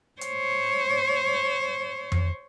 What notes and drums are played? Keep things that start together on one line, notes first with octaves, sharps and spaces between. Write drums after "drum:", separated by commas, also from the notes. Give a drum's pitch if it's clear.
C5 C#5, drum: hi-hat
drum: tom F2